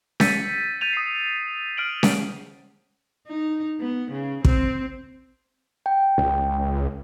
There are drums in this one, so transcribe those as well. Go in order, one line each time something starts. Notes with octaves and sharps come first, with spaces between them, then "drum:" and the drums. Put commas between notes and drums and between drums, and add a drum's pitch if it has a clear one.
E6 G6 A6 B6 C#7 D#7, drum: snare C#4
G6 A6 D#7 F7
D#6 C7
F6 D7 F#7
drum: snare C#4
D#4
B3
C#3
C4, drum: kick
G5
C#2